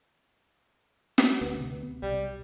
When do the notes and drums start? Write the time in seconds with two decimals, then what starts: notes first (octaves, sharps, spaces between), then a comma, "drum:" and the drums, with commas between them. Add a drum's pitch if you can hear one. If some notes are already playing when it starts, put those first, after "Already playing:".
1.18 drum: snare
1.41 D2 B3
1.60 C3
1.83 B3
2.02 B1 G3